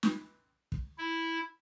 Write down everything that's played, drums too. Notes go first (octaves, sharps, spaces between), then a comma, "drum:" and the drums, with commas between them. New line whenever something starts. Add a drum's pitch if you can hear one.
drum: snare
drum: kick
E4